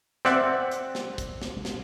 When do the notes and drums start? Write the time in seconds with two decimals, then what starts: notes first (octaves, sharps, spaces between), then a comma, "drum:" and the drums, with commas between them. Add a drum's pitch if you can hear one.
0.25 C4 D5 E5 F#5, drum: snare
0.72 drum: hi-hat
0.95 drum: snare
1.18 drum: kick, hi-hat
1.42 drum: snare
1.65 drum: snare